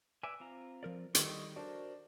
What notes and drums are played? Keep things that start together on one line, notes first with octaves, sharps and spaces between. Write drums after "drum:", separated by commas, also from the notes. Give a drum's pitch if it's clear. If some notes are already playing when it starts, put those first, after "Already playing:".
B4 D5 E5 G#5
C4 F4 A#5
F3 A#4 D5
D#3 G3 A4 D#5 C6 C#6, drum: hi-hat
D4 F#4 A#4 C5